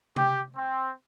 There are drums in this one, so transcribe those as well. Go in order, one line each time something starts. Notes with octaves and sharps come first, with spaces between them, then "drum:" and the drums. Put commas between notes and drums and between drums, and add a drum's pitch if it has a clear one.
G4, drum: tom C3
C4